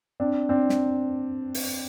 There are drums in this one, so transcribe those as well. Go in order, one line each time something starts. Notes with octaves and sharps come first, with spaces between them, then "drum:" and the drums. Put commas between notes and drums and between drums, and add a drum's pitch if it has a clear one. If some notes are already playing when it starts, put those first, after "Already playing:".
C4 D4
C4 D4
drum: snare
drum: open hi-hat